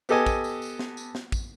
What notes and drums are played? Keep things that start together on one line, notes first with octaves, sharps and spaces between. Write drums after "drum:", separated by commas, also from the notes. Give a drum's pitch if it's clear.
B3 G4 A4 D#5 G#5, drum: tambourine
drum: kick, tambourine
drum: tambourine
drum: tambourine
drum: snare
drum: tambourine
drum: snare
drum: kick, tambourine